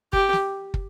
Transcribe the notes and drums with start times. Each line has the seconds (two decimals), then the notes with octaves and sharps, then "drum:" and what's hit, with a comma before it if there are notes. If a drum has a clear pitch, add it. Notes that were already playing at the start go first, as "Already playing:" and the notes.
0.13 G4, drum: kick
0.33 drum: snare
0.74 drum: kick